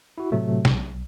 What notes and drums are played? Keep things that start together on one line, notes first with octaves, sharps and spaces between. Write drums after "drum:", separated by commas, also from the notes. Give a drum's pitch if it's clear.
E4 F#4
A2 C3 F#3 A3
B1, drum: snare